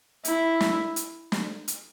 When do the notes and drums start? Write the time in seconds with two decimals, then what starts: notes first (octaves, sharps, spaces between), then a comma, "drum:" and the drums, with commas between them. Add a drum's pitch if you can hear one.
0.25 E4, drum: hi-hat
0.60 drum: snare
0.96 drum: hi-hat
1.32 drum: snare
1.68 drum: hi-hat